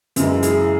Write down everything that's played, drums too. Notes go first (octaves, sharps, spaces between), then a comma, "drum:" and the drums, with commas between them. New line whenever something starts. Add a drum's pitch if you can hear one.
F#2 C#3 E3 G#3, drum: hi-hat
E4 G#4, drum: hi-hat